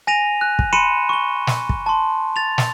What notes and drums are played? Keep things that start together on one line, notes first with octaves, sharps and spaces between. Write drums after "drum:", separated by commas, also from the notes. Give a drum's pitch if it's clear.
G#5 A#6 D#7 F7
F#6
drum: kick
B5 C6 C#7 D#7 E7
C#6 G7
drum: snare
drum: kick
A5 C6
A6 F7
drum: snare